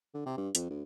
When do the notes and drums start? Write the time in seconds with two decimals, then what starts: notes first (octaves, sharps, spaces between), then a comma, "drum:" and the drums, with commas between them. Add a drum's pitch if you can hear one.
0.14 D3
0.26 C3
0.37 G2
0.55 F2, drum: hi-hat
0.70 D2